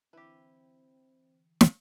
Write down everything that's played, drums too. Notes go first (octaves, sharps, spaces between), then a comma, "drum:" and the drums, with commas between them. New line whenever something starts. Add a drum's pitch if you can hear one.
D3 E3 C4 E4 G4 B4
drum: snare